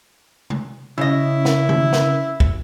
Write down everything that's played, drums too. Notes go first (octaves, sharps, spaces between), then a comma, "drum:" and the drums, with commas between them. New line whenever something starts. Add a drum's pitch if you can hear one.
drum: tom C3
C#3 C#4 E4 D#5
drum: snare
drum: tom D3
drum: snare
drum: kick